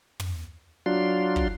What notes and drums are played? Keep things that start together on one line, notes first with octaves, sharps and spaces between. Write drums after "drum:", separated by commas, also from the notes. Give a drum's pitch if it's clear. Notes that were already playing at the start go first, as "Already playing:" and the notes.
drum: tom
F#3 D4 F4 C6
drum: kick